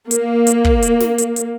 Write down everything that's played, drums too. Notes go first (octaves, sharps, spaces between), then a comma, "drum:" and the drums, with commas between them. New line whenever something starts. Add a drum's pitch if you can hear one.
A#3, drum: hi-hat
drum: hi-hat
drum: kick
drum: hi-hat
drum: snare
drum: hi-hat
drum: hi-hat